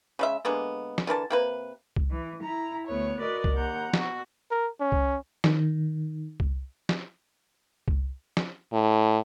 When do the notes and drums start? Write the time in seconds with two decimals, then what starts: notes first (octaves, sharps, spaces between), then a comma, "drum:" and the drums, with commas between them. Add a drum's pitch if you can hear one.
0.19 C#3 G#3 E5
0.45 D3 G#3 A#3 B3
0.98 drum: snare
1.07 D3 E3 A#4 A5
1.30 C3 A#3 B4
1.96 drum: kick C2
2.10 E3
2.42 E4 A#5
2.87 D2 A3 B3 C#5
3.20 F#4 A#4 B4 D5 D#5
3.44 drum: kick C2
3.54 D#2 F#5 A#5 G6
3.94 B2 F#4, drum: snare
4.51 A#4
4.81 C#4
4.92 drum: kick C2
5.44 D#3, drum: snare
6.40 drum: kick C2
6.89 drum: snare
7.88 drum: kick C2
8.37 drum: snare
8.72 A2